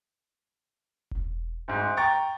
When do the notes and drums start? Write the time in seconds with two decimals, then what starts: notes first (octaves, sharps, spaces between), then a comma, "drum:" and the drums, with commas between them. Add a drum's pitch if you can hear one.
1.11 drum: kick E1
1.68 D2 G#2
1.97 G5 A#5 C#6 A6